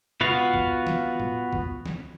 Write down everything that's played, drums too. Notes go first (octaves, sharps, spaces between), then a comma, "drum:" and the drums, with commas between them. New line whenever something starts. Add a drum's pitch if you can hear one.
B3 F4 F#4 F5, drum: tom
drum: kick C2
drum: snare
drum: tom
drum: kick C2
drum: snare